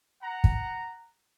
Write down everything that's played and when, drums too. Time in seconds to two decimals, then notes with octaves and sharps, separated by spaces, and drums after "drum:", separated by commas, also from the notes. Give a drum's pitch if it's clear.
0.23 F#5 A#5
0.44 drum: kick